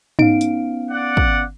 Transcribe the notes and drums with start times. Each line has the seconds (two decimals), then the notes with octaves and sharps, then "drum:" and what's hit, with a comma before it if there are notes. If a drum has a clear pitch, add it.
0.19 B3 C#4 D#4 F5 D7, drum: tom G#2
0.41 drum: hi-hat
0.91 D5 F#5
1.17 drum: kick